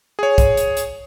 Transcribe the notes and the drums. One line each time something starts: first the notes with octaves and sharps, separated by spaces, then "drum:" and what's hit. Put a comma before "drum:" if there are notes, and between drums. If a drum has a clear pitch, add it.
G#4 C#5
drum: kick B1, hi-hat
drum: hi-hat
drum: hi-hat